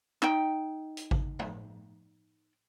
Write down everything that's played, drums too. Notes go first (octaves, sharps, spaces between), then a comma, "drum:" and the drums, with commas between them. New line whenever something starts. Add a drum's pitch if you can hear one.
D#4 G5, drum: clap
drum: hi-hat
drum: kick G#1
drum: tom